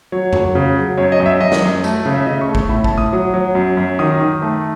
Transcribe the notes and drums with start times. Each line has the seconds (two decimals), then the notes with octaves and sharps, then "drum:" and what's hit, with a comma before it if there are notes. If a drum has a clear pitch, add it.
0.12 F#3 C#5
0.33 F#3, drum: tom F2
0.55 C#3
0.76 F#3
0.97 F#2 C#5
1.12 D#5
1.20 F#2
1.26 E5
1.40 F#2 D#5
1.52 drum: snare
1.62 F#2
1.84 A3, drum: tambourine
2.06 C#3
2.16 E5
2.26 C#3 D#5
2.41 C#6
2.48 A3
2.55 C#6, drum: kick A1
2.69 A2 B5
2.84 A5, drum: kick A1
2.91 A2
2.98 D#6
3.13 F#3
3.34 F#3
3.55 F#2
3.77 F#2
3.99 D#3 D#6
4.21 D#3
4.42 A3